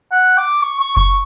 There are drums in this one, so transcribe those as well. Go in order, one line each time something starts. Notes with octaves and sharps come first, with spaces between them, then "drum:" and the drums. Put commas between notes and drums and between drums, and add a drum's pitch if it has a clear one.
F#5
D6
C#6
C#6
C#6, drum: kick F#1